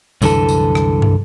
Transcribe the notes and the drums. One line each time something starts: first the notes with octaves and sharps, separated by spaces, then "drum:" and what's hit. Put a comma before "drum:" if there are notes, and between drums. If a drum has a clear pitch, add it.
C2 F#2 D3 E3 A4, drum: tambourine
drum: tambourine
drum: rim click
drum: tom